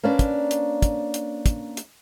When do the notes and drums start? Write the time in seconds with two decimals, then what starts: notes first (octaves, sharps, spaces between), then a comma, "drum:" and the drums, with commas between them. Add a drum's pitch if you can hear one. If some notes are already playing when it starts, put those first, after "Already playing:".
0.03 A#3 C#4 D4 B4 D5
0.19 drum: kick, hi-hat
0.51 drum: hi-hat
0.82 drum: kick, hi-hat
1.14 drum: hi-hat
1.46 drum: kick, hi-hat
1.77 drum: hi-hat